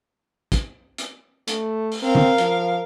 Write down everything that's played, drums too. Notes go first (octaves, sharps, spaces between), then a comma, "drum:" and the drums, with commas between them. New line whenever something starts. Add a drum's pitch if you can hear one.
drum: kick, hi-hat
drum: hi-hat
A3, drum: hi-hat
drum: open hi-hat
C4 A#4 F5
drum: tom
F3, drum: hi-hat